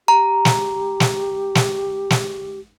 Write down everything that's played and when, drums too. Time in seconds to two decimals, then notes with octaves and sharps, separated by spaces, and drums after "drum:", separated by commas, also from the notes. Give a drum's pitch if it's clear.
0.08 G4 A#5
0.45 drum: snare
1.00 drum: snare
1.55 drum: snare
2.10 drum: snare